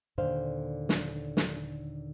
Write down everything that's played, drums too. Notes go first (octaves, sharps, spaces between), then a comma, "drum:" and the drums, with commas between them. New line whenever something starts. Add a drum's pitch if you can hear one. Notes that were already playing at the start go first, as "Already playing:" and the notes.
D#2 A#2 D3 C5 F5
drum: snare
drum: snare